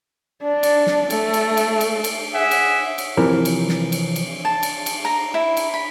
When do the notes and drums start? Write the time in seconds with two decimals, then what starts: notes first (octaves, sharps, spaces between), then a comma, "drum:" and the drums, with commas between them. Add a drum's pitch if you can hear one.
0.43 D4
0.63 drum: cymbal
0.87 drum: snare
1.10 A3, drum: cymbal
1.34 drum: cymbal
1.57 drum: cymbal
1.81 drum: cymbal
2.04 drum: cymbal
2.33 G#4 E5 F#5
2.51 drum: cymbal
2.98 drum: cymbal
3.17 C3 E3 F3 A#4
3.45 drum: cymbal
3.69 drum: snare
3.92 drum: cymbal
4.16 drum: cymbal
4.45 A5
4.63 drum: cymbal
4.86 drum: cymbal
5.05 A#5
5.34 E4
5.57 drum: cymbal
5.74 B5